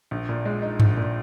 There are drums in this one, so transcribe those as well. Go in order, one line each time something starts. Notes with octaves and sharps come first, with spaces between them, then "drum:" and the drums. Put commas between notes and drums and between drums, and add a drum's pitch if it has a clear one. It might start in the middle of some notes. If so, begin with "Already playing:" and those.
A#1
A#2
G#3
D#4
A#1, drum: tom G2
A#2